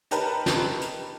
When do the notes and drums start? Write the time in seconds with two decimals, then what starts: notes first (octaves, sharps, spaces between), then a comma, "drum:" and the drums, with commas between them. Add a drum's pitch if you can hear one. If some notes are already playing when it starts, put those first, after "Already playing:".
0.11 D#4 G4 A#4 B4 A5 A#5, drum: hi-hat
0.46 drum: snare
0.81 drum: hi-hat